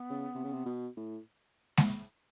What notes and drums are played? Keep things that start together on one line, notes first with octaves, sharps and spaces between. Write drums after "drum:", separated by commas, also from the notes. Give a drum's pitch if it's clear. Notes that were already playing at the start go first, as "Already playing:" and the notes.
Already playing: B3
C#3
C3
C#3
C3
B2
A2
drum: snare G#3